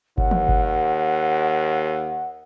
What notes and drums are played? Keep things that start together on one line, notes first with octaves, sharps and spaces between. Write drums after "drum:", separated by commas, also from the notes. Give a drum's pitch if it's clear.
D#2 F#5, drum: kick G1
drum: tom D#3
drum: kick G1